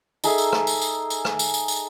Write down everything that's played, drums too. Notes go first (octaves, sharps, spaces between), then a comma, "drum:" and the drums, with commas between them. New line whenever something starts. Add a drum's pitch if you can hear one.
D#4 G#4 A4 E5, drum: tambourine
drum: tambourine
drum: rim click
drum: tambourine
drum: tambourine
drum: tambourine
drum: rim click
drum: tambourine
drum: tambourine
drum: tambourine